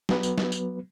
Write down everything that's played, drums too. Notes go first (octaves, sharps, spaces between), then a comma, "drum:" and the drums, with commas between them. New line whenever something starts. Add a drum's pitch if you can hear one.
F#3 B3 B4, drum: snare
drum: tambourine
drum: snare
drum: tambourine